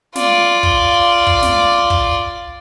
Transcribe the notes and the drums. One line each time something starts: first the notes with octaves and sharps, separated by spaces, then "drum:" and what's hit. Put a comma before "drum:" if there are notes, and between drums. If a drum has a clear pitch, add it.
F4 D5, drum: snare
drum: kick
drum: kick
drum: snare
drum: kick